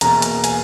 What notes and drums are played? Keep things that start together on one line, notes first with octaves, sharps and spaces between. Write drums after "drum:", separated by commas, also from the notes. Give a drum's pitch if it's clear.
E2 B2 A#3 A#5, drum: hi-hat
drum: hi-hat
G#5, drum: hi-hat